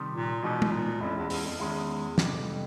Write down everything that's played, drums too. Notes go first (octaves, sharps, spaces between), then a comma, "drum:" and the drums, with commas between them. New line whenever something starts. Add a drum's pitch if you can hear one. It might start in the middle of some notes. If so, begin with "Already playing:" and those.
Already playing: C3 D#3 G3
A#2
B2 E3 G#3 B3 D#4
drum: tom
A#2
F2 E3 G#3 C#4 E4
E2
E2, drum: open hi-hat
F2
E2 D#3 G#3 C#4 E4
F2 C3 E3 G3 B3 D4, drum: snare